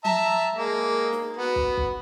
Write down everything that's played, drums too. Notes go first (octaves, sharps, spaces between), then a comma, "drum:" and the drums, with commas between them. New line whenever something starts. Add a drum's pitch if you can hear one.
E5 A5 A#5, drum: tom F3
G#3 A#3
drum: snare
B3 F#4
drum: kick
drum: kick